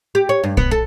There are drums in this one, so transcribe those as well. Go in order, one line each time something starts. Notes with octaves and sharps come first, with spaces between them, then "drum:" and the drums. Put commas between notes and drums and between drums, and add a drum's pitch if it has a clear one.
G4
C#5
G2
B3, drum: kick A#1
A4